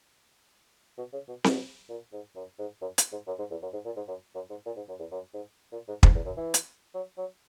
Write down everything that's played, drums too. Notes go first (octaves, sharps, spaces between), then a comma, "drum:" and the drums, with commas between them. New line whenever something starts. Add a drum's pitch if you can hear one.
B2
C#3
B2
B2, drum: snare C4
A#2
G#2
F#2
G#2
F#2
drum: hi-hat
G#2
F#2
G#2
E2
F#2
G#2
A#2
G#2
F#2
F#2
G#2
A#2
G#2
F#2
E2
F#2
G#2
A#2
G#2
G#2, drum: kick
E2
F#2
E3
drum: hi-hat
F#3
F#3